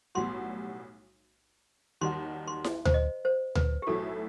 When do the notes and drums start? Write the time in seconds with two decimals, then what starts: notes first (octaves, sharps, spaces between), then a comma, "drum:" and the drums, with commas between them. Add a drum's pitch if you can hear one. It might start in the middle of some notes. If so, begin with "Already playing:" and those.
0.15 B1 A2 G3 B3 F#4 C6
2.01 D#2 D#3 G3 D#4 F#4 C6
2.47 C6
2.64 drum: snare E4
2.85 C5, drum: tom D2
2.94 D#5
3.25 C5
3.55 B4, drum: tom D2
3.82 G4
3.87 B1 A2 F#3 A3 E4 A4